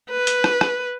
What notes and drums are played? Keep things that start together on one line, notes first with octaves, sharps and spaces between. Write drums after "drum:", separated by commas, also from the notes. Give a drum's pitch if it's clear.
B4
drum: hi-hat
drum: rim click
drum: rim click